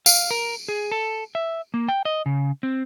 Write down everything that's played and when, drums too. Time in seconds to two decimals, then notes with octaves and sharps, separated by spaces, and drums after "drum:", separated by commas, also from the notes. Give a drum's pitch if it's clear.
0.06 F5, drum: tambourine
0.31 A#4
0.68 G#4
0.92 A4
1.35 E5
1.74 A#3
1.89 G5
2.05 D#5
2.26 C#3
2.63 C4